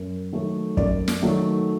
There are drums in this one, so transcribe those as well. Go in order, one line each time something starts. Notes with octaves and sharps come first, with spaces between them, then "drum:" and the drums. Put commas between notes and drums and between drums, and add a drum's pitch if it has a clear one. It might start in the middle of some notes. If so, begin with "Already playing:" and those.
Already playing: F#2
D#3 F#3 A3
F#2 D5, drum: kick
drum: snare
D#3 F#3 A3